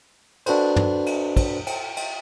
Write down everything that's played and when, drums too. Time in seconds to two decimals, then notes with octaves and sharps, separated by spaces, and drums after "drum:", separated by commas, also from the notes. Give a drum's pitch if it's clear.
0.46 D4 F#4 A4 B4 C5, drum: cymbal
0.76 drum: tom
1.06 drum: cymbal
1.37 drum: kick, cymbal
1.67 drum: cymbal
1.97 drum: cymbal